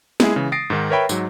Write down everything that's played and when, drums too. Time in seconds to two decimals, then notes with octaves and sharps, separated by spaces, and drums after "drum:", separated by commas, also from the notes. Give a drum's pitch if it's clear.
0.20 G#3 E4 G#4, drum: snare
0.36 C#3 E3
0.52 D#6 A6 A#6 C7 D7
0.70 G#2 D#3
0.90 A#4 B4 C#5 E5 G5 B5
1.09 G#2 F#3, drum: tambourine